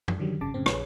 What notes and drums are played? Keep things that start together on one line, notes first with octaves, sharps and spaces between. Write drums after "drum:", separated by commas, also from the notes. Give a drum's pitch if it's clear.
drum: tom
F#2 D3 D#3 F#3 G3
G#1 C#3 A5 D6
F#2 A2 C#3 C4
A#1 G#4 B4 C#5, drum: rim click